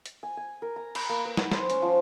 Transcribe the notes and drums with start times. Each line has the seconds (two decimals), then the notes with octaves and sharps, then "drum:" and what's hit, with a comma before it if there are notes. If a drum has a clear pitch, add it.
0.06 drum: hi-hat
0.23 G#5
0.37 G#5
0.62 A#4
0.76 A#5
0.95 B5, drum: cymbal
1.09 A#3
1.25 B4
1.37 F#5, drum: snare
1.52 C5, drum: snare
1.70 C#4, drum: hi-hat
1.82 F3